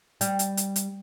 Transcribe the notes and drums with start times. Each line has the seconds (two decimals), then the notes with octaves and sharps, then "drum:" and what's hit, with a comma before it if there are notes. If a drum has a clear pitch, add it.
0.21 G3, drum: hi-hat
0.39 drum: hi-hat
0.57 drum: hi-hat
0.76 drum: hi-hat